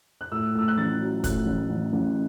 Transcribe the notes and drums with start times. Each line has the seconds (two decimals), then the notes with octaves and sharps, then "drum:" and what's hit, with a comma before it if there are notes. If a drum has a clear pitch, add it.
0.21 F#6
0.32 A2 E6
0.55 A2 E6
0.68 F#6
0.78 A1 A6
1.01 F#3
1.24 A2 F#6, drum: kick, hi-hat
1.46 A1
1.70 A1
1.93 A1